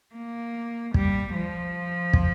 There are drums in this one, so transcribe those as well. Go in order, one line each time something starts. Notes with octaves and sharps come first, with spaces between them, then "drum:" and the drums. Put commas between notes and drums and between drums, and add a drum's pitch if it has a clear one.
A#3
G3, drum: kick
F3
drum: kick